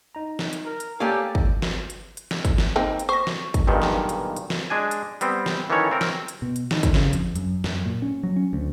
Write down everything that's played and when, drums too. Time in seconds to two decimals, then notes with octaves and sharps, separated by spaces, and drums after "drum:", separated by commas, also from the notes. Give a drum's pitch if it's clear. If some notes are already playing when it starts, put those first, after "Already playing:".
0.15 D#4 A#5
0.39 drum: snare
0.53 drum: hi-hat
0.66 A#4
0.80 drum: hi-hat
1.00 A#3 G4 A4 C#5 D5 F5 G#5 D6
1.35 drum: kick
1.62 drum: snare
1.90 drum: hi-hat
2.17 drum: hi-hat
2.31 drum: snare
2.45 drum: kick, hi-hat
2.58 drum: snare
2.76 A#3 C4 D#4
2.99 drum: hi-hat
3.09 C5 C#6 A#6
3.27 drum: snare
3.54 drum: kick, hi-hat
3.67 B1 G2 A#2 D#3
3.82 drum: snare
4.09 drum: hi-hat
4.36 drum: hi-hat
4.50 drum: snare
4.70 G#3 D4 G#5
4.91 drum: hi-hat
5.21 G3 B3 C4, drum: hi-hat
5.46 drum: snare
5.70 D#3 E3 A#3 C#4 A4 C#5
5.91 C4 A#4
6.01 drum: snare
6.28 drum: hi-hat
6.42 B2
6.56 drum: hi-hat
6.71 D#3, drum: snare
6.83 drum: kick, hi-hat
6.94 C#3, drum: snare
7.13 F2, drum: hi-hat
7.36 F#2, drum: hi-hat
7.64 F#2, drum: snare
7.85 A#2
8.02 C#4
8.23 F#3
8.36 C#4
8.53 D2